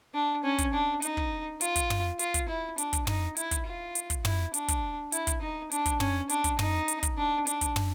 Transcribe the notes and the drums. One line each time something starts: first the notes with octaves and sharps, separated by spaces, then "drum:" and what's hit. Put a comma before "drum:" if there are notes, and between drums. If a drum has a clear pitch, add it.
D4
C#4
drum: kick, hi-hat
D4
D#4, drum: hi-hat
drum: kick
F4, drum: hi-hat
drum: kick, hi-hat
drum: tom
F4, drum: hi-hat
drum: kick, hi-hat
E4
D4, drum: hi-hat
drum: kick, hi-hat
D#4, drum: tom
E4, drum: hi-hat
drum: kick, hi-hat
F4
drum: hi-hat
drum: kick, hi-hat
E4, drum: tom
D4, drum: hi-hat
drum: kick, hi-hat
E4, drum: hi-hat
drum: kick, hi-hat
D#4
D4, drum: hi-hat
drum: kick, hi-hat
C#4, drum: tom
D4, drum: hi-hat
drum: kick, hi-hat
D#4, drum: tom
drum: hi-hat
drum: kick, hi-hat
D4
D4, drum: hi-hat
drum: kick, hi-hat
drum: tom